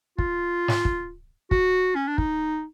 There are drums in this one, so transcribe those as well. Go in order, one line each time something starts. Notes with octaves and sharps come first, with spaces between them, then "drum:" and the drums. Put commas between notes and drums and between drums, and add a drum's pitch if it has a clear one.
F4, drum: kick
drum: snare
drum: kick
F#4, drum: kick
C#4
D4
D#4, drum: kick